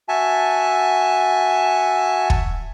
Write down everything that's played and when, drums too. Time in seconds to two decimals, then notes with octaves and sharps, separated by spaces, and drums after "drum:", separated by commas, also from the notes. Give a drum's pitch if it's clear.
0.09 F#4 E5 G#5 A5
2.30 drum: kick